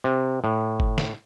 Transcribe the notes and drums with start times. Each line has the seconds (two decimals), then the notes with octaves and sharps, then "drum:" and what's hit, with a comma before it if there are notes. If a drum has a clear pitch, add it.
0.04 C3
0.44 A2
0.80 drum: kick G1
0.98 drum: snare